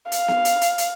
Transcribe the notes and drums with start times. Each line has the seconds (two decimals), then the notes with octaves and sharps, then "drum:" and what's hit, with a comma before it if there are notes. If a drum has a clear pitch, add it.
0.12 F5, drum: hi-hat
0.28 drum: snare B3
0.45 drum: hi-hat
0.61 drum: hi-hat
0.78 drum: hi-hat